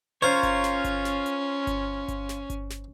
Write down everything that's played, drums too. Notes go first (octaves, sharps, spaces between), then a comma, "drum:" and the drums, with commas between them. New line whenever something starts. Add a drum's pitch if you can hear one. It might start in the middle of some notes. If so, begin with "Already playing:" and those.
C#4 F4 A#4 C5 C#5
drum: kick G1, hi-hat
drum: snare
drum: kick G1, hi-hat
drum: snare
drum: hi-hat
drum: kick G1, hi-hat
drum: kick G1, hi-hat
drum: snare
drum: kick G1, hi-hat
drum: snare